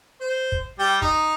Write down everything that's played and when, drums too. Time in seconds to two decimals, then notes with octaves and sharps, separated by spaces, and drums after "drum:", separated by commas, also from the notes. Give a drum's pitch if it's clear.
0.21 C5
0.52 drum: kick
0.79 G3 G5
1.02 D#4, drum: kick